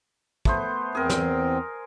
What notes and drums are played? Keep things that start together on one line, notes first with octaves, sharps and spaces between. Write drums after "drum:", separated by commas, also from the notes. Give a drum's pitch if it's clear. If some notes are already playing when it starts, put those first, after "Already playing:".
A3 B3 C5, drum: kick
E2 C4 G#4 A#4
drum: snare